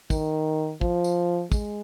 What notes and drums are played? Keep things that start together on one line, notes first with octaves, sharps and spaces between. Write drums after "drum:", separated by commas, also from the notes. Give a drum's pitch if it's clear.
D#3, drum: kick, tambourine
F3, drum: kick
drum: tambourine
G#3, drum: kick, tambourine